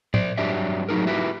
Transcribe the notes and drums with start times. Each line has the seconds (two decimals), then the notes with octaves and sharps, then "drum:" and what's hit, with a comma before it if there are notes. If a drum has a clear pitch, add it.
0.14 C5 D5, drum: tom A2
0.38 G2 F#3 D4 G4 D5 E5
0.89 A2 F#3 B3 D#4 G#4 A#4
1.07 E4 F#4 G4 B4 E5